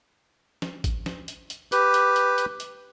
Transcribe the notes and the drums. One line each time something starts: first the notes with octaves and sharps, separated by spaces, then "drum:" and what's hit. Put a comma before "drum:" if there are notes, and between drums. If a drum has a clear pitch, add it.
drum: snare
drum: kick A1, hi-hat
drum: snare
drum: hi-hat
drum: hi-hat
G4 B4, drum: hi-hat
drum: hi-hat
drum: hi-hat
drum: hi-hat
drum: hi-hat